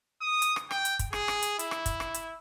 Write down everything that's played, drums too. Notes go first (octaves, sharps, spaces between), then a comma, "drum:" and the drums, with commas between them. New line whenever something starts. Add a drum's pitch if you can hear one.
D#6
drum: hi-hat
drum: rim click
G5, drum: rim click
drum: hi-hat
drum: kick, hi-hat
G#4, drum: rim click
drum: rim click
drum: hi-hat
E4, drum: hi-hat
drum: rim click
drum: kick, hi-hat
drum: rim click
drum: hi-hat